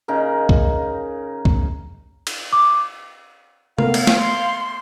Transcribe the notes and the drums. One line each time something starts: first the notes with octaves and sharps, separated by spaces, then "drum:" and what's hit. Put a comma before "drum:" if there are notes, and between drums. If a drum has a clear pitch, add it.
C#3 D#4 A#4
drum: kick
drum: kick
drum: cymbal
D6
A3 B3 A#4 F5, drum: tom
drum: cymbal
drum: snare
C6